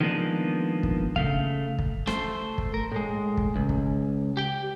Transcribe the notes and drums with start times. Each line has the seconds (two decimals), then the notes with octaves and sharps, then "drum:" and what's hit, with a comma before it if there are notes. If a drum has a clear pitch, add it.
0.01 D#3 F3 G#3 A#3 B3 D4
0.83 drum: kick
1.16 C#3 A3 F5, drum: kick
1.79 drum: kick
2.07 A3 C5, drum: rim click
2.58 drum: kick
2.74 A#4
2.92 A2 G#3
3.37 drum: kick
3.56 C#2
3.69 drum: kick
4.37 G4 G5